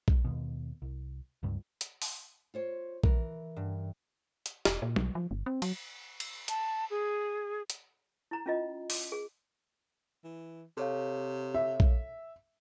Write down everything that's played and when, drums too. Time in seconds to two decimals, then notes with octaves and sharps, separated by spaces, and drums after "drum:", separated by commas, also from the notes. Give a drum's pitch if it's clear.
0.08 drum: kick A#1
0.25 D#2 B2
0.82 C2
1.43 C#2 G2
1.81 drum: hi-hat
2.02 drum: open hi-hat
2.54 F4 C5 C#5
3.04 E3 A#4, drum: kick A#1
3.56 G2
4.46 drum: hi-hat
4.65 E1, drum: snare
4.82 A#2
4.96 B1, drum: tom
5.15 F3
5.31 G1
5.46 C4
5.62 F#3, drum: cymbal
6.20 drum: cymbal
6.48 A5, drum: hi-hat
6.90 G#4
7.70 drum: hi-hat
8.31 E4 A#5
8.46 C#4 F4 D#5
8.90 D6, drum: open hi-hat
9.12 G#4
10.25 E3
10.77 C3 A4 C#5 F5
11.54 E5
11.80 drum: kick A#1